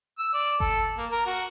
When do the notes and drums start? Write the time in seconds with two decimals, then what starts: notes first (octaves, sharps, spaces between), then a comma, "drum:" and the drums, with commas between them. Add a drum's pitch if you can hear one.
0.18 E6
0.34 D5
0.60 A4, drum: kick G1
0.98 A#3
1.11 A#4
1.26 F#4